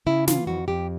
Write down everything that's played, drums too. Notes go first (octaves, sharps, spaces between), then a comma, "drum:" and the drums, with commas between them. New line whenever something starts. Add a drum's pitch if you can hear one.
C#3 E4
E3 F4, drum: snare
F2 F#4
F2 G4